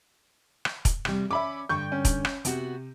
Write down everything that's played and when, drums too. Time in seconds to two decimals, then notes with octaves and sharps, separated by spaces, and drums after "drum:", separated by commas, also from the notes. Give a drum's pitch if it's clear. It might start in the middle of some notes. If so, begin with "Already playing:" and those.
0.65 drum: rim click
0.85 drum: kick, hi-hat
1.05 C3 G3, drum: rim click
1.31 C#4 E5 B5 D6
1.69 G2 D3 G5 C#6 G6
1.92 C#4
2.05 drum: kick, hi-hat
2.25 drum: rim click
2.45 C3 B3 F#4, drum: hi-hat